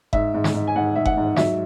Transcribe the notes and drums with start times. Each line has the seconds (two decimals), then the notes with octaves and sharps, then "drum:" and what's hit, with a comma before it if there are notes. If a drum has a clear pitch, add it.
0.13 G#2 E5, drum: kick F#1
0.34 G#2
0.44 drum: snare
0.54 G#2
0.67 G#5
0.76 G#2 F#5
0.96 G#2 E5
1.05 F#5, drum: kick F#1
1.17 G#2
1.36 F#3 E5, drum: snare